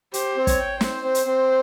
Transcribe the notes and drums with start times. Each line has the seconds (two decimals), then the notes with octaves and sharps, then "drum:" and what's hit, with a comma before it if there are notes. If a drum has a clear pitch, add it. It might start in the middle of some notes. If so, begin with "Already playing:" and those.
0.14 G4 C5, drum: hi-hat
0.36 C4
0.47 C#5, drum: kick, hi-hat
0.59 G5
0.81 C4 C5, drum: snare
1.04 C4
1.15 drum: hi-hat
1.26 C4